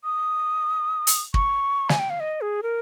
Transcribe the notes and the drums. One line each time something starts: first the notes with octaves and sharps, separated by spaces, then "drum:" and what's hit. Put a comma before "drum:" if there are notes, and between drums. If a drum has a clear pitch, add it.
D#6
drum: hi-hat
C#6, drum: kick
G#5, drum: snare
G5
F5
D#5
G#4
A#4